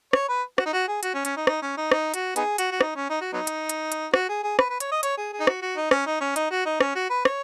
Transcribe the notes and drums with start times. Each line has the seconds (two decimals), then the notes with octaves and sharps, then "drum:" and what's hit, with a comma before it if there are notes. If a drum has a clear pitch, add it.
0.13 C#5, drum: rim click
0.29 B4
0.58 F#4, drum: rim click
0.65 D#4
0.73 F#4
0.88 G#4
1.03 F#4, drum: hi-hat
1.14 C#4
1.25 C#4, drum: hi-hat
1.36 D#4
1.47 D#4, drum: rim click
1.62 C#4
1.77 D#4
1.92 D#4, drum: rim click
2.14 F#4, drum: hi-hat
2.36 B3 D#4 G#4, drum: hi-hat
2.58 F#4, drum: hi-hat
2.71 F#4
2.81 D#4, drum: rim click
2.95 C#4
3.10 D#4
3.21 F#4
3.33 F#3 B3 D#4
3.47 drum: hi-hat
3.69 drum: hi-hat
3.92 drum: hi-hat
4.14 F#4, drum: rim click
4.29 G#4
4.44 G#4
4.59 B4, drum: rim click
4.70 B4
4.80 C#5, drum: hi-hat
4.91 D#5
5.03 C#5, drum: hi-hat
5.17 G#4
5.33 G#4
5.40 D#4
5.47 F#4, drum: rim click
5.62 F#4
5.77 D#4
5.91 C#4, drum: rim click
6.06 D#4
6.21 C#4
6.36 D#4, drum: hi-hat
6.51 F#4
6.66 D#4
6.81 C#4, drum: rim click
6.96 F#4
7.10 B4
7.25 C#5, drum: rim click